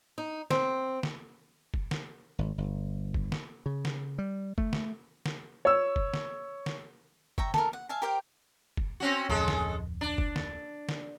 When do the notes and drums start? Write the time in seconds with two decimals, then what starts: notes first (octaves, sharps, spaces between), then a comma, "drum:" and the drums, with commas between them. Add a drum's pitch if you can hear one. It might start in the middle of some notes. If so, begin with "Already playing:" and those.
0.18 D#4
0.51 C4, drum: snare
1.03 drum: snare
1.74 drum: kick
1.91 drum: snare
2.39 G#1
2.58 G1
3.14 drum: kick
3.32 drum: snare
3.66 C#3
3.85 drum: snare
4.18 G3
4.58 A3, drum: kick
4.73 drum: snare
5.26 drum: snare
5.65 C#5 E6
5.96 drum: kick
6.14 drum: snare
6.66 drum: snare
7.38 C#5 E5 G5 A#5, drum: kick
7.54 A4 A#4, drum: snare
7.73 F#5
7.89 E5 F5 G#5 A5
8.02 G4 A#4 C5 G5
8.77 drum: kick
9.00 C4 C#4 F#4
9.29 D1 F2 G#3 A4
9.48 drum: snare
10.01 D4
10.18 drum: kick
10.36 drum: snare
10.89 drum: snare